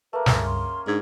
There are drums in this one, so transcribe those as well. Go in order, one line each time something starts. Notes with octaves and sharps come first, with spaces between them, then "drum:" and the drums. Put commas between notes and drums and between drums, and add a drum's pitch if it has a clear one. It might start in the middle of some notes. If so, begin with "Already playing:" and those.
A3 A#3 B4
C#2 G2 C#4 G#4 C#5, drum: snare
C6
G#2 D4 G#6